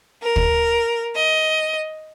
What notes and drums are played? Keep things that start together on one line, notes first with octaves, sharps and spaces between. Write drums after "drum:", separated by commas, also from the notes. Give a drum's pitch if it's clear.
A#4
drum: kick
D#5